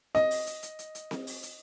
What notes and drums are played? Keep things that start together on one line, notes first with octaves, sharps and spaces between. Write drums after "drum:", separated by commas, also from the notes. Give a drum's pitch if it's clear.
D#5, drum: snare C4
drum: open hi-hat
drum: hi-hat
drum: hi-hat
drum: hi-hat
drum: hi-hat
drum: snare C4
drum: open hi-hat
drum: hi-hat